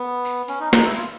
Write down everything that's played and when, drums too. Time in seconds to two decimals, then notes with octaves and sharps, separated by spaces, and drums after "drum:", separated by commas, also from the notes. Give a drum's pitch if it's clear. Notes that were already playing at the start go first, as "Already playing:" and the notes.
Already playing: B3
0.25 drum: tambourine
0.48 C#4, drum: tambourine
0.60 D#4
0.73 D#4, drum: snare
0.85 E4
0.96 F4, drum: tambourine